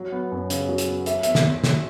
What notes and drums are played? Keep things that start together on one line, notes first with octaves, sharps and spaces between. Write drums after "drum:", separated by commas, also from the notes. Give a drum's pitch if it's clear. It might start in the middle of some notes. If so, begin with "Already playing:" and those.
Already playing: F#3
B3
F#2
C#3, drum: hi-hat
F#3
drum: hi-hat
B3
A3 E5, drum: hi-hat
E2 E5, drum: hi-hat
drum: snare
E2
B2, drum: snare